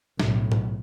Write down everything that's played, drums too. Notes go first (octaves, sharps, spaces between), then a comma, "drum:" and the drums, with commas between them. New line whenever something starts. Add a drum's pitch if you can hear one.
B1 A2, drum: snare
drum: tom G#2